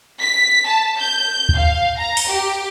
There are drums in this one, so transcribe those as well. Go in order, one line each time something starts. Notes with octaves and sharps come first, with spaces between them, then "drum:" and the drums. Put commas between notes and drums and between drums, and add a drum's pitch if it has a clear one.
B6
A5
G6
drum: kick
F5
A#5
drum: open hi-hat
G4